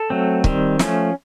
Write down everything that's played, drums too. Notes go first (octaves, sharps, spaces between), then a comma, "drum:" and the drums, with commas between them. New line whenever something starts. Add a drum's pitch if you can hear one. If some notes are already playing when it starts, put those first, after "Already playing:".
Already playing: A4
F#3 A3 C4
D#3 G3 C4, drum: kick
F3 A3 C#4, drum: snare